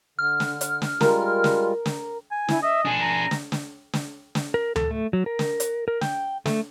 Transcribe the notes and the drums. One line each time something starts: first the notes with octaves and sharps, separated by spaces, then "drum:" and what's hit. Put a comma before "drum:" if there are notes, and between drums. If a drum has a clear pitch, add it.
D3 F6
drum: snare
drum: hi-hat
drum: snare
G3 G#3 F4 A#4, drum: snare
drum: snare
drum: snare
G#5
E4, drum: snare
D#5 E5
D4 G#4 G#5
A#5
drum: snare
drum: snare
drum: snare
drum: snare
A#4
A4, drum: tom D2
A3
F#3
A#4
drum: snare
drum: hi-hat
A#4
G5, drum: snare
A3, drum: snare